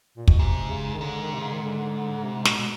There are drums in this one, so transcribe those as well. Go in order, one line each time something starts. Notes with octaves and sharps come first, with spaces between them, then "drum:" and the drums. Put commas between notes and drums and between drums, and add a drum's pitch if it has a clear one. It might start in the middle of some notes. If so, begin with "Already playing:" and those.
A#2
B2, drum: kick
G#2 C3
C#3
D#3
G#2 D3
D#3
C3
C#3
D#3
D3
C3
B2, drum: snare
B2